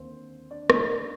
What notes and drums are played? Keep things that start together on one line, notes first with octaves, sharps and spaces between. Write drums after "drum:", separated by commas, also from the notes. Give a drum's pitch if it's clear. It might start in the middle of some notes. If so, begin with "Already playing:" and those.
Already playing: D#2 D3 C4 C5
D4 D5
D#4 D#5, drum: rim click
C5
D4 D5